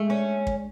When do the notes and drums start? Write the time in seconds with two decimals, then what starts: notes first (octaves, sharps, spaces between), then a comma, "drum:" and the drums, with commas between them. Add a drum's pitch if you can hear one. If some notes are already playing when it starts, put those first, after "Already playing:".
Already playing: G#3 A3
0.10 C#4
0.47 drum: kick